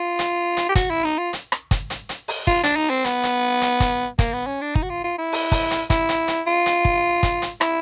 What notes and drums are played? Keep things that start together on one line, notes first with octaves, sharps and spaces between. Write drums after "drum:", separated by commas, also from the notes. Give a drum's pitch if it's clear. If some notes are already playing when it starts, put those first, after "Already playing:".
Already playing: F4
drum: hi-hat
drum: hi-hat
G4
F#4, drum: kick, hi-hat
E4
D#4
F4
drum: hi-hat
drum: rim click
drum: kick, hi-hat
drum: hi-hat
drum: hi-hat
drum: open hi-hat
F4, drum: kick
D4, drum: hi-hat
D#4
C4
B3, drum: hi-hat
drum: hi-hat
drum: hi-hat
drum: kick, hi-hat
A#3, drum: kick, hi-hat
B3
C#4
D4
D#4, drum: kick
F#4
F4
F4
E4
drum: open hi-hat
drum: kick, open hi-hat
drum: hi-hat
E4, drum: kick, hi-hat
drum: hi-hat
drum: hi-hat
F4
drum: hi-hat
drum: kick
drum: kick, hi-hat
drum: hi-hat
E4, drum: rim click